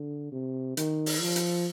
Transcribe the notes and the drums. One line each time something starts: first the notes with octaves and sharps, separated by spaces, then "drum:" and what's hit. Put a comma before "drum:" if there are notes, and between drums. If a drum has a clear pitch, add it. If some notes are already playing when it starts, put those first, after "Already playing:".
Already playing: D3
C3
D#3, drum: hi-hat
drum: open hi-hat
F3
drum: hi-hat